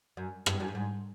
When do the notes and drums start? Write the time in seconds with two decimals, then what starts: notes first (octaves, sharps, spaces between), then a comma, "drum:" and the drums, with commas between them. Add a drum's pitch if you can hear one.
0.17 F#2
0.46 G2, drum: rim click
0.60 F#2
0.68 G2
0.75 G#2